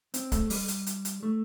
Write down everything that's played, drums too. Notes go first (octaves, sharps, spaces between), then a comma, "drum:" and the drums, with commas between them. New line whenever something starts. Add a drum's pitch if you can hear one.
C4, drum: hi-hat
A3, drum: kick C#1, hi-hat
G3, drum: open hi-hat
drum: hi-hat
drum: hi-hat
drum: hi-hat
A3